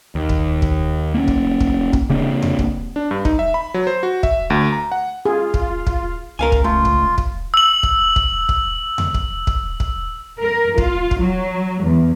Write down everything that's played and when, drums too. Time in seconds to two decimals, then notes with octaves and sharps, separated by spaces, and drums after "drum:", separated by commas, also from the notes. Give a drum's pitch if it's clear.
0.15 D#2
0.29 drum: kick
0.62 drum: kick
1.14 A#3 C#4
1.28 drum: kick
1.60 drum: kick
1.93 drum: kick
2.10 C#3 A#3 C4 D4
2.42 drum: tom E2
2.59 drum: kick
2.96 D4
3.11 G2
3.25 D#4, drum: kick
3.39 E5
3.54 B5
3.74 F#3
3.87 C5
4.03 F#4
4.23 E5, drum: kick
4.50 D2
4.72 A#5
4.92 F#5
5.25 F4 G#4
5.54 drum: kick
5.87 drum: kick
6.39 C#2 A#4 F5 G#5
6.52 drum: kick
6.64 A3 F4
6.85 drum: kick
7.18 drum: kick
7.54 E6 F#7
7.83 drum: kick
8.16 drum: kick
8.49 drum: kick
8.98 drum: tom E2
9.14 drum: kick
9.47 drum: kick
9.80 drum: kick
10.40 A#4
10.78 F4, drum: kick
11.11 drum: kick
11.20 F#3
11.83 E2